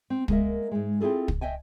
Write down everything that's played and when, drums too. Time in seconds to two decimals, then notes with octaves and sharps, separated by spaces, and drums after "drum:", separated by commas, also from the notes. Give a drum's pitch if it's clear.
0.10 C4
0.28 G#3 A#3 A#4 E5, drum: kick
0.71 G#2 G#3
1.01 C4 E4 F4 G#4 A4
1.28 drum: kick
1.41 C#5 D#5 E5 G5 G#5